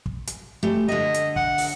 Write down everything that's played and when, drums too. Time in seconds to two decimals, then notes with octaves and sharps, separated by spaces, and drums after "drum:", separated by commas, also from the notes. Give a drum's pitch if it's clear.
0.06 drum: kick
0.27 drum: hi-hat
0.63 A3 G4
0.88 D3 D#5 E5
1.14 drum: hi-hat
1.36 F#5, drum: kick
1.58 drum: open hi-hat